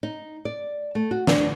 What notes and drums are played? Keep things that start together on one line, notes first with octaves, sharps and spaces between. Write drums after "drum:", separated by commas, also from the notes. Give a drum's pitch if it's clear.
D#4
D5
A3
F#4
D4, drum: snare